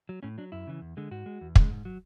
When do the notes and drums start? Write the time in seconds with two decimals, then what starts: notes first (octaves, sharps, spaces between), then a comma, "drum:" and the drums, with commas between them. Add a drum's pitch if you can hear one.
0.09 F#3
0.23 A2 C#4
0.38 F#3 D4
0.52 F#2 E4
0.67 C#3 E3
0.81 E2
0.97 D3 G#3
1.11 G#2 F#4
1.26 G#3
1.41 E2
1.56 C#3 G#3, drum: kick
1.70 G#2
1.85 F#3